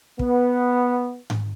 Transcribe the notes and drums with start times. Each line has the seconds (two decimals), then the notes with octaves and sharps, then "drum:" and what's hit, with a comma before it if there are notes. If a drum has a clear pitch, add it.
0.19 B3, drum: kick
1.30 drum: tom G#2